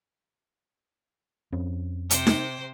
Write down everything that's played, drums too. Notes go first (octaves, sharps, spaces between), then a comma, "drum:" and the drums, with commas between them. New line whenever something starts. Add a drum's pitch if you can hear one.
F2 C4 C#4
C3 C5 G5, drum: hi-hat
drum: snare D#4